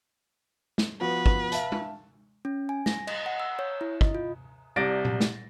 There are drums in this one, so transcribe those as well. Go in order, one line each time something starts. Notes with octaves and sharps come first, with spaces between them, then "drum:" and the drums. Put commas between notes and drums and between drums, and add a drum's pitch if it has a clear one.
drum: snare
F3 B3 F#4 B4
drum: kick
E5 F5 A5, drum: hi-hat
drum: tom G#3
C#4
G#5
A#6, drum: snare
D#5, drum: cymbal
F#5
E6
C#5
E4
D#5, drum: kick
F4
C2 C3 D5 A6 A#6 D7
drum: tom A#2
drum: snare